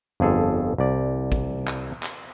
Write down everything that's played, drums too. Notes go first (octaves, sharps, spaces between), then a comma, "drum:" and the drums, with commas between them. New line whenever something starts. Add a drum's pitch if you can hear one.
G1 F2 G#4 A4
C2 D5
drum: kick
drum: clap
drum: clap